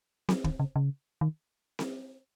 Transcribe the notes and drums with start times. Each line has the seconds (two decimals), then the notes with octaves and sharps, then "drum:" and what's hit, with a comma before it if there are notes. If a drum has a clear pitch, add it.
0.29 F#3, drum: snare C4
0.44 D#3, drum: kick
0.60 C#3
0.76 C#3
1.21 D#3
1.79 drum: snare C4